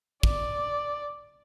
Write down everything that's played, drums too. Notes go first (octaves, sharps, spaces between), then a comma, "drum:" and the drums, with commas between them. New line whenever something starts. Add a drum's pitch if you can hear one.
D5, drum: kick